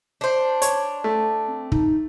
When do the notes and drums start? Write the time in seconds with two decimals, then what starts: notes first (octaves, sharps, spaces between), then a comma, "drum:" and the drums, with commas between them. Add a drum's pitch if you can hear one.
0.21 D4 C5
0.62 C#5, drum: hi-hat
1.04 A3
1.48 C4
1.72 D#4, drum: kick